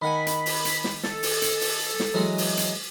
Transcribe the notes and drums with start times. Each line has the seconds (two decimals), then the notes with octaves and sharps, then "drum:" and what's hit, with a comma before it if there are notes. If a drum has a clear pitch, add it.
0.02 D#3 F#5 G#5 B5
0.27 drum: hi-hat
0.46 drum: open hi-hat
0.65 drum: hi-hat
0.84 drum: snare
1.03 A4, drum: snare
1.23 drum: open hi-hat
1.42 drum: hi-hat
1.61 drum: open hi-hat
2.00 drum: snare
2.14 E3 F#3 G#3
2.38 drum: open hi-hat
2.57 drum: hi-hat